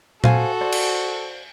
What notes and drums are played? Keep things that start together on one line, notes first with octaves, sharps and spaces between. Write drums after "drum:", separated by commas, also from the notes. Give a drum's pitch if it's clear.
F#4 A4 C5 F5 G#5, drum: tom A#2
C5 D5
drum: cymbal